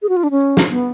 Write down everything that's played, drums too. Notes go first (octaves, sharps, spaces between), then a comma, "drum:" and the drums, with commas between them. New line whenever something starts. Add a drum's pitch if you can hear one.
G#4
F#4
F4
D4
C#4
drum: snare
B3